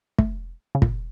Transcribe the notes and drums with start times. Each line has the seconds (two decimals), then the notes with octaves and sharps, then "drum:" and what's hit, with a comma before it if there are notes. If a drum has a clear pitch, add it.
0.18 A3, drum: kick
0.75 C#3
0.82 A#2, drum: kick